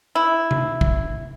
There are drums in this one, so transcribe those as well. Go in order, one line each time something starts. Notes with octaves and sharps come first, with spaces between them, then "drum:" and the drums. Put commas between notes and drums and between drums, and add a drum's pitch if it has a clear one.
E4
drum: tom C3
drum: kick